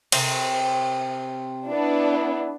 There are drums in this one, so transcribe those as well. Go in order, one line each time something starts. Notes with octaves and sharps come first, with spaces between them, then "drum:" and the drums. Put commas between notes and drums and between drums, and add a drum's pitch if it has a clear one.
C3 C4, drum: cymbal
B3 D4 E4